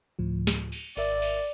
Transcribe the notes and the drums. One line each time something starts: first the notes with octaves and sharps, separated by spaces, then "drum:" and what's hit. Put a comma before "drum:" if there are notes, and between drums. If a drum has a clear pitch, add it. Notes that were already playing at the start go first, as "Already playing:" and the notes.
D2 A2 F3
drum: snare
drum: cymbal
G#1 A#4 D5 E5, drum: cymbal
drum: cymbal